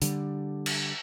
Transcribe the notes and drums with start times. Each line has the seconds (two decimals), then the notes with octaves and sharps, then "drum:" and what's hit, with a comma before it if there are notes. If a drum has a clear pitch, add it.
0.02 D3 G3, drum: hi-hat
0.66 drum: cymbal